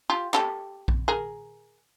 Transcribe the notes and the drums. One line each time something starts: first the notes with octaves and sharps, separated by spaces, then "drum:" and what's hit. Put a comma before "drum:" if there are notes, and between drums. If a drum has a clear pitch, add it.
F4 G4
G4 A4, drum: clap
drum: kick A#1
G#4 A#4